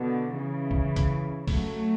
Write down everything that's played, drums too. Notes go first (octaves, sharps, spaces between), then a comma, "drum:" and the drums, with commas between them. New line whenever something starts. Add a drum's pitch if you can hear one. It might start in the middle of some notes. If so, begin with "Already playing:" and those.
Already playing: B2 D3
C#3 E3
drum: kick
drum: kick, hi-hat
F#3 A3, drum: kick, open hi-hat